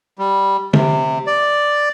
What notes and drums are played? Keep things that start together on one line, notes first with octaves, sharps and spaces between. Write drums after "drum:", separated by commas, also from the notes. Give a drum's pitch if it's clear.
G3
C3, drum: tom
D5